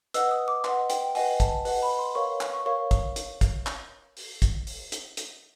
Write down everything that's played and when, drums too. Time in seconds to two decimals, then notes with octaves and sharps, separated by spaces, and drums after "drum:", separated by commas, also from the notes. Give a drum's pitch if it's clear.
0.14 B4 D#5 F#5 E6, drum: hi-hat
0.31 D#6
0.48 D6
0.64 B4 D#5 F#5 C6, drum: clap
0.90 G5, drum: hi-hat
1.10 G5
1.15 B4 D#5 F#5 G#5, drum: open hi-hat
1.40 A5, drum: kick, hi-hat
1.65 B4 D#5 F#5, drum: open hi-hat
1.83 B5
1.99 C6
2.15 A#4 C#5 F5 C#6
2.41 drum: clap
2.53 C#6
2.66 A#4 C#5 F5 C#6
2.91 drum: kick, hi-hat
3.16 drum: hi-hat
3.41 drum: kick, hi-hat
3.66 drum: clap
4.17 drum: open hi-hat
4.42 drum: kick, hi-hat
4.67 drum: open hi-hat
4.92 drum: hi-hat
5.17 drum: hi-hat